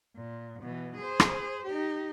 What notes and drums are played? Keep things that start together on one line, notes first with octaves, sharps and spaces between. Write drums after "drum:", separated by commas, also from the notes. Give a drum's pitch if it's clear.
A#2
B2 E3
G#4 C5
drum: rim click
D#4 G4